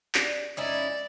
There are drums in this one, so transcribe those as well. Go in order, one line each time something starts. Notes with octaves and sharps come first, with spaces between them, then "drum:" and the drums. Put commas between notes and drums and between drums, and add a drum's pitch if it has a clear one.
D4 G4 G#4, drum: clap
F2 G#3 C#4 D#4 E4 D5 D#5